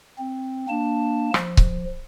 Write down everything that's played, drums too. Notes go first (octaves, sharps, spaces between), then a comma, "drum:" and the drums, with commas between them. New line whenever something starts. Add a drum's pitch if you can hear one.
C4
A#3 D4 A5
F3, drum: rim click
drum: kick C#1